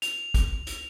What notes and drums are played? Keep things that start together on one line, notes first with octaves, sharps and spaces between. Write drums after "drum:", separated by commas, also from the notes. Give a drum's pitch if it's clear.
F7, drum: hi-hat
drum: kick, hi-hat
drum: hi-hat